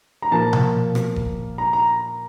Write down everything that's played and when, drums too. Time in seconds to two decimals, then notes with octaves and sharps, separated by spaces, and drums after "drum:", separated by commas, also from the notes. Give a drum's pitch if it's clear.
0.22 A#5
0.31 A#2 F3 A#3 A5
0.53 drum: tom B2
0.95 drum: rim click
1.16 drum: kick F1
1.58 A#5
1.73 A#5